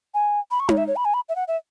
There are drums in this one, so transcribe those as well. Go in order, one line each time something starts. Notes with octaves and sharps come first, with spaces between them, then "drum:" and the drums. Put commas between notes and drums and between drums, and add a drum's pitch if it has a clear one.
G#5
B5
C#6
C#5, drum: tom D#4
E5
C#5
B5
G#5
B5
E5
F#5
E5